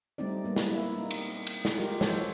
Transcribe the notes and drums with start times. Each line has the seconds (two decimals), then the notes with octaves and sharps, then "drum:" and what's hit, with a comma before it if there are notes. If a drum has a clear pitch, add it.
0.18 G3 A3 C4 D#4 D5
0.44 G3 A#3 B3
0.56 drum: snare
0.69 A#3 E4
0.97 D#4
1.11 drum: cymbal
1.47 drum: cymbal
1.65 drum: snare
1.78 G#3 F4 G4 A#4
2.01 E3 F3 F#4 A4 C5 C#5, drum: snare